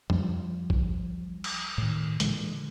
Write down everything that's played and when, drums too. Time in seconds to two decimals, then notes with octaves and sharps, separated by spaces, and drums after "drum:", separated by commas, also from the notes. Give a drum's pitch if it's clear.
0.10 F3 G3, drum: tom F2
0.70 drum: kick A1
1.44 drum: cymbal
1.78 A2 D#3
2.20 A#2 D3 E3 G#3, drum: hi-hat